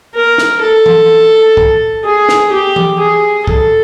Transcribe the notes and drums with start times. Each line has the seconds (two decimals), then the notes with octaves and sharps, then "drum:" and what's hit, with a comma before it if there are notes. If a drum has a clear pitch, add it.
0.14 A#4
0.38 drum: snare
0.62 A4
0.86 drum: tom E3
1.57 drum: kick
2.05 G#4
2.29 drum: snare
2.52 G4
2.76 drum: tom E3
2.99 G#4
3.47 A4, drum: kick